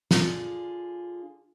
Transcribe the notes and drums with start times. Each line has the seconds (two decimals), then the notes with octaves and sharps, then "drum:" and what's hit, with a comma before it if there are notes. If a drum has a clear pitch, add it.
0.11 D3 F4 G#4, drum: snare